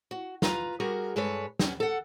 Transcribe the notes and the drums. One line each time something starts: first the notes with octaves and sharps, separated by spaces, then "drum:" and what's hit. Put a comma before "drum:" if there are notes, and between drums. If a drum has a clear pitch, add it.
F#4
F4 B4 A#5, drum: snare
G3 F#4 G#4 A#4
G2 G#3 A4 B4 C#5
B3 C#4, drum: snare
A4 F#5